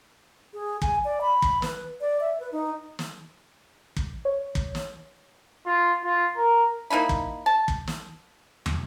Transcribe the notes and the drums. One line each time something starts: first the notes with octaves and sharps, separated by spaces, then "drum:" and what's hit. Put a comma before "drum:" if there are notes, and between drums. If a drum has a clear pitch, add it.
G#4
G#5, drum: kick
D5
B5
drum: kick
B4, drum: snare
D5
E5
B4
D#4
drum: snare
drum: kick
C#5
drum: kick
drum: snare
F4
F4
A#4
A#3 D#4 E4 B5
drum: kick
A5
drum: kick
drum: snare
drum: tom